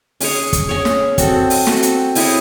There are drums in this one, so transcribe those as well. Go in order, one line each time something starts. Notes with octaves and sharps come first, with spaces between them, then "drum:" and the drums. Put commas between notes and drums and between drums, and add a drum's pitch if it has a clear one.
C#4 G#4 C#5, drum: open hi-hat
drum: kick, hi-hat
C#4 G#4 C#5
drum: snare
C4 F#4 A4, drum: kick, hi-hat
drum: open hi-hat
C4 F#4 A4, drum: snare
drum: hi-hat
C4 E4 G#4 C#5, drum: open hi-hat